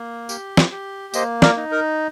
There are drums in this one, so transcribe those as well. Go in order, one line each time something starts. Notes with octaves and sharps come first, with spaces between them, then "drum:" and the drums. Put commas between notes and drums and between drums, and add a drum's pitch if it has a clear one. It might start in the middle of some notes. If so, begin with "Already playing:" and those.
Already playing: A#3
G4, drum: tambourine
drum: snare
G4
A#3 C5 D#5, drum: tambourine
A#4 D5, drum: snare
D#4
A#4